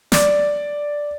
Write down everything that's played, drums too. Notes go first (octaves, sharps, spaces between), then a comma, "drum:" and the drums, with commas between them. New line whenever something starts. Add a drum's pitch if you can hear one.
D5, drum: snare